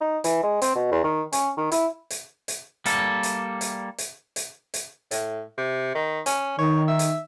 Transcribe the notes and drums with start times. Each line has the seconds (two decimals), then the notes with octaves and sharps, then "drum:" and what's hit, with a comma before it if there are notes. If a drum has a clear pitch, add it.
0.01 D#4
0.24 E3, drum: hi-hat
0.43 G#3
0.62 C4, drum: hi-hat
0.76 B2
0.92 E2
1.04 D#3
1.33 C#4, drum: hi-hat
1.57 D#3
1.72 E4, drum: hi-hat
2.10 drum: hi-hat
2.48 drum: hi-hat
2.86 G3 A#3 A4, drum: hi-hat
3.23 drum: hi-hat
3.61 drum: hi-hat
3.98 drum: hi-hat
4.36 drum: hi-hat
4.74 drum: hi-hat
5.11 A2, drum: hi-hat
5.58 C3
5.95 D#3
6.26 C#4, drum: hi-hat
6.58 D#3 C#5
6.88 E5
6.99 drum: hi-hat